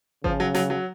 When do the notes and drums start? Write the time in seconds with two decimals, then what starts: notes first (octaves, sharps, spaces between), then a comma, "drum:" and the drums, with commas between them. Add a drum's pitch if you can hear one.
0.24 C#3 F3, drum: kick G#1
0.40 F#3
0.55 F#3, drum: snare
0.70 F#3